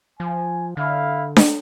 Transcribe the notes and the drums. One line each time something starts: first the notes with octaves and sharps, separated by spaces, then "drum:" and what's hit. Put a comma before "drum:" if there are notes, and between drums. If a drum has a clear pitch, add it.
F3 G#5
D3 E4 F5
drum: snare D4